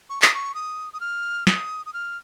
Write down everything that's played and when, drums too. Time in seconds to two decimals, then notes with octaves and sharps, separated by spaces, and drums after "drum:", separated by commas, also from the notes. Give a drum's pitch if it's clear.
0.10 C#6
0.22 D#6, drum: clap
0.34 C#6
0.55 D#6
0.93 D#6
1.01 F6
1.47 D#6, drum: snare
1.86 D#6
1.93 F6